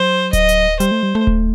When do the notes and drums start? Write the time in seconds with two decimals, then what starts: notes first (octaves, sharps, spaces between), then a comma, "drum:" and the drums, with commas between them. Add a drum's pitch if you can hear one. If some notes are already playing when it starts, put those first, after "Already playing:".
Already playing: F#3 C5
0.33 D#5, drum: kick D1, hi-hat
0.49 drum: hi-hat
0.80 G3 C5, drum: hi-hat
0.91 A3
1.03 G3
1.15 A3
1.27 drum: kick D1